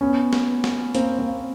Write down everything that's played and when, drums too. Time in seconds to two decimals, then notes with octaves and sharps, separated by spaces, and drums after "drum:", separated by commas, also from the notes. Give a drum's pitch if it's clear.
0.01 B3 C#4
0.33 drum: snare
0.64 drum: snare
0.95 A#3 C4, drum: hi-hat
1.19 A#3 C4